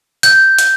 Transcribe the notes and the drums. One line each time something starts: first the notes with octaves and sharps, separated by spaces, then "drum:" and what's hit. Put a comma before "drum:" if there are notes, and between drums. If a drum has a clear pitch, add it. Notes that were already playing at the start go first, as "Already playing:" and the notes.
G6, drum: hi-hat
drum: hi-hat